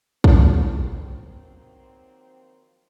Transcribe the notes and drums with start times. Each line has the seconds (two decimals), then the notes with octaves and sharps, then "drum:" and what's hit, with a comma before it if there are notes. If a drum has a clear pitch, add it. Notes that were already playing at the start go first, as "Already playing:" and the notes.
0.24 D#3 F3 F#3 A#3 C4, drum: kick